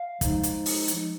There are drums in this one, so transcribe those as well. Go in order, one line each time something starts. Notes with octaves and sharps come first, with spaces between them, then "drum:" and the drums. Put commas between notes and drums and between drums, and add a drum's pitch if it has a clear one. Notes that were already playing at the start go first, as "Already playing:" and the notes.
Already playing: F5
F3 G#3 D#4, drum: kick, hi-hat
drum: hi-hat
drum: open hi-hat
drum: hi-hat